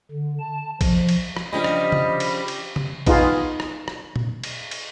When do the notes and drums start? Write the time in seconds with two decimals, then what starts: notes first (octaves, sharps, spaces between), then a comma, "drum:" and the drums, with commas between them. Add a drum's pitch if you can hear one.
0.12 D3
0.40 A5
0.81 F3, drum: kick A#1, cymbal
1.09 drum: cymbal
1.36 drum: rim click
1.53 C#3 F3 G3 D4 D#5 B5
1.64 drum: rim click
1.92 drum: tom
2.20 drum: cymbal
2.48 drum: cymbal
2.76 drum: tom
3.07 B3 D#4 F4 G#4, drum: kick A#1, cymbal
3.60 drum: rim click
3.88 drum: rim click
4.16 drum: tom A#2
4.44 drum: cymbal
4.71 drum: cymbal